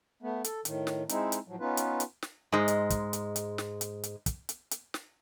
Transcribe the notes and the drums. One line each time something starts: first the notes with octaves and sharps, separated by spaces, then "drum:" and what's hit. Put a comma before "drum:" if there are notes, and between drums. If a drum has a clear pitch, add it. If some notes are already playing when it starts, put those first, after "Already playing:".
A3 B3
A4, drum: hi-hat
A2 D#3, drum: hi-hat
drum: snare
G#3 C4 D#4 E4, drum: hi-hat
drum: hi-hat
A2 F3 F#3
B3 C#4 D#4 F4 B4
drum: hi-hat
drum: hi-hat
drum: snare
G#2 G#3
drum: hi-hat
drum: kick, hi-hat
drum: hi-hat
drum: hi-hat
drum: snare
drum: hi-hat
drum: hi-hat
drum: kick, hi-hat
drum: hi-hat
drum: hi-hat
drum: snare